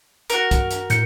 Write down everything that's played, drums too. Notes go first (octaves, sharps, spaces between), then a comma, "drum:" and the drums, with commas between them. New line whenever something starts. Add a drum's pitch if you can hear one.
F#4 A#4, drum: hi-hat
drum: kick, hi-hat
drum: hi-hat
A2 G6 C#7, drum: hi-hat